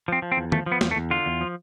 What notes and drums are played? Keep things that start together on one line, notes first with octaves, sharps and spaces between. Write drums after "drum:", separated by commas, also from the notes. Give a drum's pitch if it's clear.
F3 C4
F3
C4
E2
F3 A3, drum: tom
F3
B3
E2, drum: snare
A3
E2
D3 F4
E2
F3